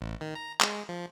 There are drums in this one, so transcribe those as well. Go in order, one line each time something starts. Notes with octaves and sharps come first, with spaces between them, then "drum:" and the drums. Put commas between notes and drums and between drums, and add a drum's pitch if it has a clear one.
A1
D#3
A#5
G#3, drum: clap
F3